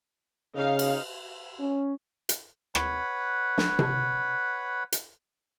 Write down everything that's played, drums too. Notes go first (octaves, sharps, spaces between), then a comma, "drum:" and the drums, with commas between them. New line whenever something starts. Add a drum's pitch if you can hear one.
C#3 D#4 F5
drum: cymbal
C#4
drum: hi-hat
B4 C#5 F#5 B5, drum: rim click
drum: snare
drum: tom C3
drum: hi-hat